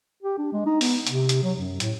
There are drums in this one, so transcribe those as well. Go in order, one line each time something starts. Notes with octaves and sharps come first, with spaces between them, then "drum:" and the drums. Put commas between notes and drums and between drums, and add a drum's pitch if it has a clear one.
G4
D4
G#3
D#4
B3, drum: open hi-hat
C3, drum: hi-hat
drum: hi-hat
F#3
F#2
A2, drum: hi-hat